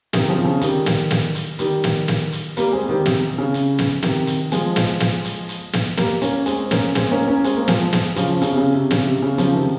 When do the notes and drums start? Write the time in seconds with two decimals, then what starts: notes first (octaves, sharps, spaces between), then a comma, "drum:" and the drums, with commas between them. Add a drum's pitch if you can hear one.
0.13 C3 D#3, drum: snare
0.29 C#3 F3
0.45 C#3
0.61 D#3 G3, drum: hi-hat
0.86 drum: snare
1.11 drum: snare
1.35 drum: hi-hat
1.59 D#3 G3, drum: hi-hat
1.84 drum: snare
2.08 drum: snare
2.32 drum: hi-hat
2.57 G3 A#3, drum: hi-hat
2.73 G#3 C4
2.89 D#3 G3
3.06 C3, drum: snare
3.38 C#3
3.54 drum: hi-hat
3.79 drum: snare
4.02 C3 D#3, drum: snare
4.27 drum: hi-hat
4.52 F3 G#3, drum: hi-hat
4.76 drum: snare
5.00 drum: snare
5.25 drum: hi-hat
5.49 drum: hi-hat
5.73 drum: snare
5.97 G3 A#3, drum: snare
6.22 A#3 C#4, drum: hi-hat
6.46 G#3 C4, drum: hi-hat
6.71 A#3 C#4, drum: snare
6.95 G#3 C4, drum: snare
7.11 A#3 C#4
7.27 A#3 C#4
7.44 G#3 C4, drum: hi-hat
7.57 A#3
7.68 F3 G#3, drum: snare
7.93 drum: snare
8.16 C#3 F3, drum: hi-hat
8.42 C#3, drum: hi-hat
8.52 C3
8.57 C#3
8.74 C3
8.91 C#3, drum: snare
9.06 C3
9.22 C#3
9.38 C#3 F3, drum: hi-hat
9.55 C3 D#3